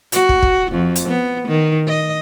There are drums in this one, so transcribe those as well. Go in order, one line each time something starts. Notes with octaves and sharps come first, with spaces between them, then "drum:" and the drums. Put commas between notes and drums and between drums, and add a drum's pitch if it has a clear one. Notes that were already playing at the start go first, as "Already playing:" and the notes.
F#4, drum: hi-hat
drum: kick
drum: kick
F2
drum: hi-hat
B3
D#3
D#5